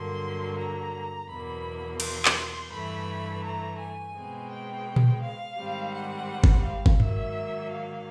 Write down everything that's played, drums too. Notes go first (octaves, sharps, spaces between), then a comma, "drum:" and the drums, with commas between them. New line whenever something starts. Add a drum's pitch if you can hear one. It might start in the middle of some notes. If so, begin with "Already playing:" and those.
Already playing: G2 D3 F#3 A#3 C6
A#5
E2 B2 F#3 A#3 B5
C6, drum: cymbal
drum: clap
G2 E3 A3 B5
A#5
G#5
B2 G#3 C4
G5
drum: tom A#2
F5
G#2 D#3 G3 C4
F#5
drum: kick
F5
drum: kick
G#2 D#3 F#3 A#3 E5, drum: tom G2
F5